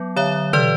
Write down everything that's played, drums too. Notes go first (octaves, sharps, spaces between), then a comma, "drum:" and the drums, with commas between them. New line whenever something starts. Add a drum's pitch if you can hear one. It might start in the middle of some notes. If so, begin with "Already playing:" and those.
Already playing: F#3 B3
D3 C#5 E5
E3 B4 D5, drum: tom